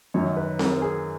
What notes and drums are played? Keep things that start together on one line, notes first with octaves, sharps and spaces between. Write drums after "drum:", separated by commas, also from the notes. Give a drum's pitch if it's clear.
F#2 D#3 F#3 C#5
B4
A#4, drum: snare C4
G#4